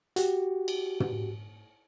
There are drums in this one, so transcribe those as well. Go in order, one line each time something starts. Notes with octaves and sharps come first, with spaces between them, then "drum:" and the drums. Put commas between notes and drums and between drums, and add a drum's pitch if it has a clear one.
F#4 G4, drum: hi-hat
drum: cymbal
drum: tom